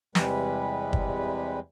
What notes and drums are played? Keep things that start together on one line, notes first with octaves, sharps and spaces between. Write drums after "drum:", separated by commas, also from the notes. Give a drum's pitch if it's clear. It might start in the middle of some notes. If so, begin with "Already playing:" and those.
E2 C3 G3 G#3 B4, drum: snare
drum: kick